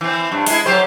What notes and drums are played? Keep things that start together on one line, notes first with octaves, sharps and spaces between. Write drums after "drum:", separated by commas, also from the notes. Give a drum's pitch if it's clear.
E3 C4
G2
G#3 E4, drum: open hi-hat
F#3 G4 C5